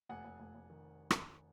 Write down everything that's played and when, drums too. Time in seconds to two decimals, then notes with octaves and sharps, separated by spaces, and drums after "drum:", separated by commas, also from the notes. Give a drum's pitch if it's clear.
0.09 F1 F#5 G#5
0.24 F1
0.40 F1
0.55 F1
0.70 D#3
1.11 drum: rim click